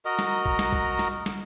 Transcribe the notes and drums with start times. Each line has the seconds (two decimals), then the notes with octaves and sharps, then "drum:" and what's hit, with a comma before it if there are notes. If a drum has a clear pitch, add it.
0.05 F#4 A#4 D#5 A#5
0.19 drum: snare
0.46 drum: kick A#1
0.59 drum: snare
0.72 drum: kick A#1
0.99 drum: snare
1.26 drum: snare